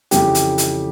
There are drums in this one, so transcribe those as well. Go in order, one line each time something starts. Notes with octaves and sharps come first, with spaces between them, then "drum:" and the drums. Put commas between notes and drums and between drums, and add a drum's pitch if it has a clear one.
F2 C#3 E3 G4, drum: hi-hat
drum: hi-hat
drum: hi-hat